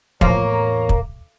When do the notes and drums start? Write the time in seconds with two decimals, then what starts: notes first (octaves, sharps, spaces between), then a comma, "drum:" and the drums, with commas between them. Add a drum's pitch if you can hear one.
0.21 E2 A2 F3 A#3 C#5 A#5, drum: kick
0.89 drum: kick